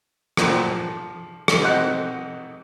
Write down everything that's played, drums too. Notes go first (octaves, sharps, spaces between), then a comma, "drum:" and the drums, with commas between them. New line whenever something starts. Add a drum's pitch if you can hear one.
F#2 A#2 C5 G5 A#5, drum: rim click
F3
drum: rim click
B2 C4 D#4 F#4 F#6